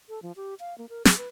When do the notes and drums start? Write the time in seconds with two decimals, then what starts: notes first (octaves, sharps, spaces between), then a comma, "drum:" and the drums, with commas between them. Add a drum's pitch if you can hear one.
0.09 A4
0.23 F3
0.36 G4
0.60 F5
0.78 A#3
0.89 A#4
1.05 G#4, drum: snare
1.18 B4